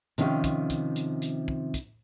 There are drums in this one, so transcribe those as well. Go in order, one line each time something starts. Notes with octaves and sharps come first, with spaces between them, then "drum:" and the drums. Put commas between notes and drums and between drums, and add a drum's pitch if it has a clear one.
C3 D#3 F3 C#4 F5, drum: hi-hat
drum: kick, hi-hat
drum: kick, hi-hat
drum: hi-hat
drum: hi-hat
drum: kick
drum: kick, hi-hat